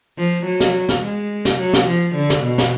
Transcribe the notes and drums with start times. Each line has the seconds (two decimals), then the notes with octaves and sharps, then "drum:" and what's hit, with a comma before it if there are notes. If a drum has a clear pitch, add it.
0.18 F3
0.46 F#3
0.60 drum: snare
0.89 drum: snare
1.03 G#3
1.45 drum: snare
1.59 F#3
1.73 drum: snare
1.87 F3
2.15 D3
2.30 drum: snare
2.44 B2
2.58 drum: snare